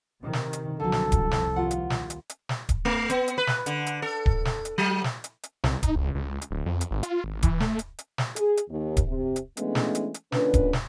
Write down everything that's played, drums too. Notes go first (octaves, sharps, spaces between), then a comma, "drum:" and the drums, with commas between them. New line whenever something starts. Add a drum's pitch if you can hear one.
C3 D#3
drum: snare
drum: hi-hat
C2 D3 F3 F#3 A4
drum: snare
drum: kick D1, hi-hat
drum: snare
D#2 F4 F#5
drum: hi-hat
drum: snare
drum: hi-hat
drum: hi-hat
drum: snare
drum: kick D1, hi-hat
A3
B3, drum: hi-hat
drum: hi-hat
B4
drum: snare
D3, drum: hi-hat
drum: hi-hat
A4
drum: kick D1
drum: snare
drum: hi-hat
F#3
drum: snare
drum: hi-hat
drum: hi-hat
C2, drum: snare
D#4, drum: kick D1, hi-hat
C#2
C#2
drum: hi-hat
D1
F2
drum: hi-hat
G#1
F4, drum: hi-hat
G#1
E3, drum: kick D1, hi-hat
A3, drum: snare
drum: hi-hat
drum: hi-hat
drum: snare
G#4, drum: hi-hat
drum: hi-hat
D#2
drum: kick D1, hi-hat
C3
drum: hi-hat
E3 G#3 A3 B3 C#4 D4, drum: hi-hat
drum: snare
drum: hi-hat
drum: hi-hat
A#2 D3 C#4 D4 B4, drum: snare
drum: kick D1, hi-hat
drum: snare